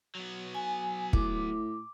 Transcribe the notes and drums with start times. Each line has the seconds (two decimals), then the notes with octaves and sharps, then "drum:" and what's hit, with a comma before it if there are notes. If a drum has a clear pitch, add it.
0.15 F#3 B3
0.54 G#5
1.13 A2 D6, drum: kick